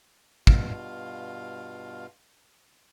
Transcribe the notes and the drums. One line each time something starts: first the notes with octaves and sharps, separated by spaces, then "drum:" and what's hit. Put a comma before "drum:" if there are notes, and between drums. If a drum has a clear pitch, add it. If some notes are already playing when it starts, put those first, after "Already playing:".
G2 B2 F4 F5, drum: kick